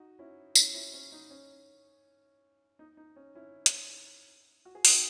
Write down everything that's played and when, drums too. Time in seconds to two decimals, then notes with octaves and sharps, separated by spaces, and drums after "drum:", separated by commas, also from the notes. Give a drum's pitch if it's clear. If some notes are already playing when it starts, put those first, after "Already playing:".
Already playing: D#4 F#4
0.19 C#4 E4
0.55 C#4 E4, drum: tambourine
0.74 C#4 E4
0.94 C#4
1.12 D#4
1.30 C#4
2.79 D#4
2.97 D#4
3.16 C#4
3.35 C#4 E4
3.66 drum: hi-hat
4.65 F#4
4.75 G#4
4.85 D#4 F#4, drum: open hi-hat